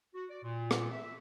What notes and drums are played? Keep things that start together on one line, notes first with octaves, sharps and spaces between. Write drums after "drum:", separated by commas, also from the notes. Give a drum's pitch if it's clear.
F#4
D5
A#2
drum: rim click
E5